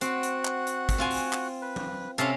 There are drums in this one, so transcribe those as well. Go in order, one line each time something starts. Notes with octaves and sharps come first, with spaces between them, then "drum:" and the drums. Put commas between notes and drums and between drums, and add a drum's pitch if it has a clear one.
C4 F#4 F#5, drum: hi-hat
drum: hi-hat
drum: clap
drum: hi-hat
drum: kick, hi-hat
C4 F4 G#5
drum: open hi-hat
drum: clap
B4
drum: tom F#3
C3 C4 C#4 A4 F5 A5, drum: hi-hat